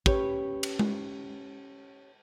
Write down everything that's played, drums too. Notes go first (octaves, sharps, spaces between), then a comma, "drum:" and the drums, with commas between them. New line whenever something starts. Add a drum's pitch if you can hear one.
C#4 G4 B4 C#5, drum: kick
drum: cymbal
drum: tom G#3